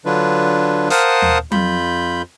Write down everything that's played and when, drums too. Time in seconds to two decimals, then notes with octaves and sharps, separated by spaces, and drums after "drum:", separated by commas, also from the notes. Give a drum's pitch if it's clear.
0.05 D3 F#3 D4 F4 B4
0.90 A#4 C5 F5 F#5 A5 D#6, drum: hi-hat
1.22 drum: tom D#2
1.52 F2 F4 B5 G6, drum: tom F#3